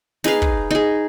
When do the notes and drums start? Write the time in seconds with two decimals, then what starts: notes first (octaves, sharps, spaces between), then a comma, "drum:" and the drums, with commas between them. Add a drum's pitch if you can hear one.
0.24 D#4 G#4 B4 F5, drum: snare
0.42 drum: kick
0.71 D#4 G#4